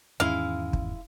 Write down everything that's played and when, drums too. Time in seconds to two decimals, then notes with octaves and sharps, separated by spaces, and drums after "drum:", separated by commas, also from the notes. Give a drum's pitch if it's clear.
0.20 E2 G#2 D#3 G#3 C#4 E4 F5
0.73 drum: kick